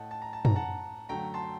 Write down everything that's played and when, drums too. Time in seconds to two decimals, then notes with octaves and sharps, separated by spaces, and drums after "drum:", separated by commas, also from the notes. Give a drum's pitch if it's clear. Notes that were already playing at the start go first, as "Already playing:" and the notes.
Already playing: A2 A3 D#5 F#5 G5 A5
0.11 A5
0.22 A#5
0.33 A5
0.45 A#5, drum: tom F#2
0.56 F#5 A5
1.09 F#2 D3 F#3 A3 G5 A#5
1.34 A5 C6